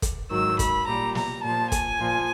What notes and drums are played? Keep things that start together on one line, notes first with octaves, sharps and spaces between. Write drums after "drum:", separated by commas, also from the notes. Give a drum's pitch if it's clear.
drum: kick, hi-hat
G#2 D#3 F#3 E6
B5, drum: kick, hi-hat
A#2 G3 A#5
A#5, drum: snare
A#2 F3 A5
G#5, drum: kick, hi-hat
A#2 F3